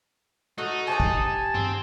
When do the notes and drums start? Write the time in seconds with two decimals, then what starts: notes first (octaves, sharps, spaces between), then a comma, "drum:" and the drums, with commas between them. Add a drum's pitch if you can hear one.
0.58 A3 D#4 F#4
0.87 G4 C5 F#5 G#5 A5
1.00 drum: kick
1.55 C4, drum: tom G2